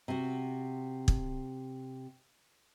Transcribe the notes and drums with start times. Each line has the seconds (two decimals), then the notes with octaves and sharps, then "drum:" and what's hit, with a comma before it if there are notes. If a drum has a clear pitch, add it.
0.08 C3 F#4
1.08 drum: kick